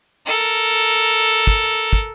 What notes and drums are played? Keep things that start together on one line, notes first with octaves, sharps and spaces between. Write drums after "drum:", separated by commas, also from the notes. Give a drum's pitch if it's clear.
A4 A#4
drum: kick
drum: kick